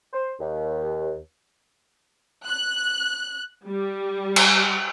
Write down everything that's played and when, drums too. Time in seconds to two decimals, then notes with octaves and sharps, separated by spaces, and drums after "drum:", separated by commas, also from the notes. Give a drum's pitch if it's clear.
0.13 C5
0.40 D#2
2.46 F#6
3.67 G3
4.36 drum: cymbal